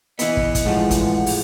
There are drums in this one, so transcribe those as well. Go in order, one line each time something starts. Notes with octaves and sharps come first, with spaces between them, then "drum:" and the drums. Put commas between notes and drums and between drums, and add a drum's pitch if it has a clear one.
E3 B3 D#5, drum: hi-hat
drum: kick
drum: kick, hi-hat
A2 E3 F3 G#3 F#5
drum: kick, hi-hat
drum: open hi-hat